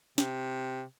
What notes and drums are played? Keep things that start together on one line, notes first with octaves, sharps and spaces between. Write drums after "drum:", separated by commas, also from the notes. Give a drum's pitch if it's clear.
C3, drum: snare